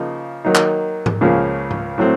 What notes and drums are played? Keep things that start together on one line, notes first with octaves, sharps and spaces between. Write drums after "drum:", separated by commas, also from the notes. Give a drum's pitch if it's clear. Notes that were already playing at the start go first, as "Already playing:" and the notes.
Already playing: C#3 F3 A#3 D#4
D#3 F#3 A#3 D#4
drum: clap
drum: tom G#2
C#2 C#3 F3 A#3 C#4
drum: tom G#2
A2 F#3 A3 C4